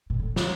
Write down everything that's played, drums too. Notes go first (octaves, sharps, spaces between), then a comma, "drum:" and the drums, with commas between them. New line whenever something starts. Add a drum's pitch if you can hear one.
A#2
A2
drum: snare